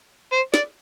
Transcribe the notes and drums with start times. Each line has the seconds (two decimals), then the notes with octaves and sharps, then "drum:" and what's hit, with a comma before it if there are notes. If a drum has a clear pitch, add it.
0.32 C5
0.54 D5, drum: snare